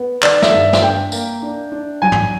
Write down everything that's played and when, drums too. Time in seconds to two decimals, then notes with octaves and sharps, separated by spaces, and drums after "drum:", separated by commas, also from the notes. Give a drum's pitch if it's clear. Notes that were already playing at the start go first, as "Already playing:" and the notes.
Already playing: B3
0.22 D#3 D5, drum: clap
0.42 E5, drum: snare
0.53 G2
0.73 drum: snare
0.82 D4 G5
1.12 A#3, drum: tambourine
1.42 D4
1.72 D4
2.02 F#3 G#5
2.12 drum: tom